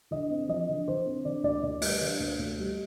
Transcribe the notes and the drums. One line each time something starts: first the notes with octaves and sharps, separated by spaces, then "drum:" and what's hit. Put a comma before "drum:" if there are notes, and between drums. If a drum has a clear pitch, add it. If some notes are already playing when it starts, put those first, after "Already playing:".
D3 D#5
C4
F3 D#5
D3
D3 C5
C4
D3 D5
D2 D5
D2 D5
G3 D#5, drum: open hi-hat
D3
D2
D2
G3